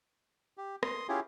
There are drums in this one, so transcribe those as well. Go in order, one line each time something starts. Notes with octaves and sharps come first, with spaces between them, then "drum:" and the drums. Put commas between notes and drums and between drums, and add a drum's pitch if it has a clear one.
G4
C6 D#6, drum: rim click
C#4 E4 F4 G4 G#4